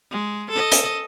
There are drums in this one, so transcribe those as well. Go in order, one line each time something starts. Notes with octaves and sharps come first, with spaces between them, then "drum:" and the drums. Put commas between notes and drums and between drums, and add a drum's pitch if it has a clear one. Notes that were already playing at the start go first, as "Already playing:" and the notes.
G#3
A4 D#5
drum: hi-hat